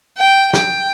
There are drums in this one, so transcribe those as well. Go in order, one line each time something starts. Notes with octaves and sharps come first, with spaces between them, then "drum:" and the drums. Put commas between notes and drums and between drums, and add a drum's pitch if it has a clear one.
G5
G5, drum: snare